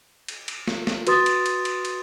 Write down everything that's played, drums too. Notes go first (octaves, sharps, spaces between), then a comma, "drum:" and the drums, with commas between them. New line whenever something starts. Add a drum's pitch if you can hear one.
drum: cymbal
drum: cymbal
drum: snare
drum: snare
F#4 B4 C6 D#6 A6, drum: cymbal
drum: cymbal
drum: cymbal
drum: cymbal
drum: cymbal